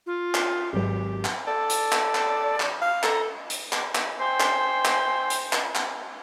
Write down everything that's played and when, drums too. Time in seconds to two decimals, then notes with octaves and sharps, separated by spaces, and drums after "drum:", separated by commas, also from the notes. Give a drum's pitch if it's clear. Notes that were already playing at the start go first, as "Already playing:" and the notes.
0.06 F4
0.35 drum: clap
0.73 G#1 F#3 G4 B4
1.25 drum: clap
1.47 A4 D5
1.70 drum: hi-hat
1.92 drum: clap
2.15 drum: clap
2.60 drum: clap
2.82 F5
3.03 A4 A#5, drum: clap
3.50 drum: hi-hat
3.73 drum: clap
3.95 drum: clap
4.19 C5 G5 G#5 C6
4.40 drum: clap
4.85 drum: clap
5.30 drum: hi-hat
5.53 drum: clap
5.75 drum: clap